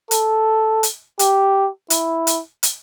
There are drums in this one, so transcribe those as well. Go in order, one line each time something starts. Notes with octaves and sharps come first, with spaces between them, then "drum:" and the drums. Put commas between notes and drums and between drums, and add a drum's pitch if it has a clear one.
A4, drum: hi-hat
drum: hi-hat
G4, drum: hi-hat
E4, drum: hi-hat
drum: hi-hat
drum: hi-hat